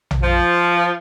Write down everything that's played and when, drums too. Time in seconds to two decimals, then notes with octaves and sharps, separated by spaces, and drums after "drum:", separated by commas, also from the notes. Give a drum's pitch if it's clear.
0.11 drum: tom A#1
0.23 F3